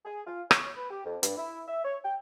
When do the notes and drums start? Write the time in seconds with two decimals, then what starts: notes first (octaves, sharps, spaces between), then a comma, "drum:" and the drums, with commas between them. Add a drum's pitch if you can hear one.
0.05 G#4
0.27 F4
0.51 C#5, drum: rim click
0.77 B4
0.91 G4
1.05 F2
1.23 G2, drum: hi-hat
1.37 E4
1.68 E5
1.85 C#5
2.05 G5